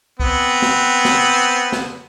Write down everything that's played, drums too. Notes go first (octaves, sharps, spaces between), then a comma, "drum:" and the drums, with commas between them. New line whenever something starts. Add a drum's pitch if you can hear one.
B3 C4, drum: kick
drum: snare
drum: snare
drum: snare